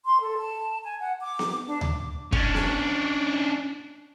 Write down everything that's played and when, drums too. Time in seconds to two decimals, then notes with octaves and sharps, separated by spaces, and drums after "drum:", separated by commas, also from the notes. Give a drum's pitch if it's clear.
0.06 C6
0.21 A4
0.37 A5
0.83 G#5
0.99 F#5
1.19 D6
1.39 drum: snare B3
1.67 D4
1.81 D6, drum: tom D2
2.32 C#4 D4, drum: kick
2.55 drum: snare B3